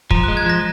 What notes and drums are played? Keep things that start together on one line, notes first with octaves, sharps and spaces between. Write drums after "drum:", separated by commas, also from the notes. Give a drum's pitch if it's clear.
F3 A#5, drum: kick
G#3 F#6
G#6
F3 A#6